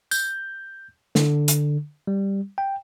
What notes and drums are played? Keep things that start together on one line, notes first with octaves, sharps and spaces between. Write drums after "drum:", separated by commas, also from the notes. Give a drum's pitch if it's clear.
G6, drum: tambourine
D3, drum: snare
drum: hi-hat
G3
G5